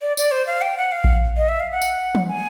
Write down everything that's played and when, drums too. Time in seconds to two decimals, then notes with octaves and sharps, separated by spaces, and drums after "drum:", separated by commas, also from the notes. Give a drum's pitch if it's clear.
0.02 D5
0.17 D5, drum: tambourine
0.31 C5
0.47 F5
0.61 G5
0.77 F#5
0.92 F5
1.04 drum: kick A#1
1.37 D#5
1.49 E5
1.60 F5
1.71 F#5
1.82 drum: tambourine
2.15 drum: tom E3
2.28 G#5